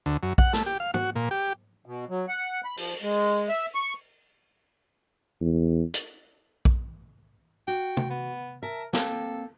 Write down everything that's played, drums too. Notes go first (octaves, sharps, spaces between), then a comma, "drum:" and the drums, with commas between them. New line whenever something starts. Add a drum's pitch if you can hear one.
D2
F#2
F#5, drum: kick A#1
A3, drum: snare
G4
F5
F#4, drum: tom
A#2
G4
B2
F#3
F#5
B5
F3, drum: open hi-hat
G#3
E5
C#6
E2
drum: hi-hat
drum: kick A#1
F#4 G5
drum: tom C3
B3
A#4 E5 A5
A#3 C4 A4, drum: snare